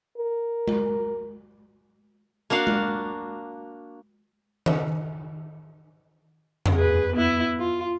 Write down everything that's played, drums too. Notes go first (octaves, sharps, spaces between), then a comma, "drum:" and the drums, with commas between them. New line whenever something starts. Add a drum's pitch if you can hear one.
A#4
drum: tom G#3
A#3 D4 F#4 F5
drum: tom G#3
drum: tom D#3
drum: tom
G#4 B4
B3 E4
F4